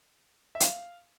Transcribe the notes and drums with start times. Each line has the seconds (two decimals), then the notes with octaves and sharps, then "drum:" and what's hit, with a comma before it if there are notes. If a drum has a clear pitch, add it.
0.55 E5
0.60 F5, drum: hi-hat